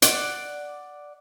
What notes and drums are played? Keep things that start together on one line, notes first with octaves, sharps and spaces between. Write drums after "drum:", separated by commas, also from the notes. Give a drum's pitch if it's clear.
D5 F#5, drum: hi-hat